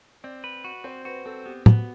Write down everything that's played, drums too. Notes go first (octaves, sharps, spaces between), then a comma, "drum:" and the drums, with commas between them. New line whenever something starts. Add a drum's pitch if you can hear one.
C4 D5
B4
F#4
C4 C5
F#4 B4
C4 A4
B3 G4
B3 F#4, drum: tom